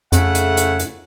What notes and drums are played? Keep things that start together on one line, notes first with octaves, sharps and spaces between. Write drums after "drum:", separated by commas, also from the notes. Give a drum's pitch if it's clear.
F2 C#3 A3 F#5, drum: hi-hat
drum: hi-hat
drum: hi-hat
drum: hi-hat